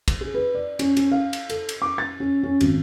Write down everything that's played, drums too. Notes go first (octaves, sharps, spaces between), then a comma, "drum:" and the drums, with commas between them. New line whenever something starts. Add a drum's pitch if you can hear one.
drum: kick, cymbal
G#4
B4
D5
C#4, drum: cymbal
C#4, drum: cymbal
F5
drum: cymbal
A4, drum: cymbal
drum: cymbal
D6
A6
C#4
C#4
G#1, drum: cymbal